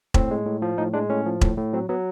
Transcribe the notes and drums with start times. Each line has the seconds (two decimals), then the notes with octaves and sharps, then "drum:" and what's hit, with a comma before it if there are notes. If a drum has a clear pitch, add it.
0.14 A2 C4, drum: kick E1
0.31 G#3
0.46 A2
0.62 F3
0.78 A2 D#4
0.94 G#3 D4
1.10 A2 C#4
1.26 F3
1.41 A2, drum: kick E1
1.57 A2
1.73 F#3 C4
1.89 F#3 B3